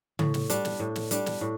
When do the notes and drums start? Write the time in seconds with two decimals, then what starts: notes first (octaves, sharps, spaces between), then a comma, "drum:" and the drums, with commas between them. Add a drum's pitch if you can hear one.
0.19 A2, drum: tom C#3
0.34 drum: snare
0.50 G3 D4, drum: hi-hat
0.65 drum: snare
0.80 A2
0.96 drum: snare
1.11 G3 D4, drum: hi-hat
1.26 drum: snare
1.41 A2